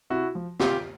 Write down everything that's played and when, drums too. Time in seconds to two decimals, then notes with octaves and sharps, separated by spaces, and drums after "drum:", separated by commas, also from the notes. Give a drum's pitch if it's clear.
0.10 C3 E4 F#4
0.35 F3
0.60 C3 F4 G4, drum: snare